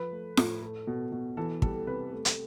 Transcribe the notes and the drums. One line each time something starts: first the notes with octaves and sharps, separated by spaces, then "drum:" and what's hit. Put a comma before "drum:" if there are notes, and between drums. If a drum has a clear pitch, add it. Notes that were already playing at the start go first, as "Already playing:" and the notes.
Already playing: F3 B4
A3
A2, drum: snare F4
A3
B2
B2
E3 A4
G3 A4, drum: kick
C3 B4
A3
drum: hi-hat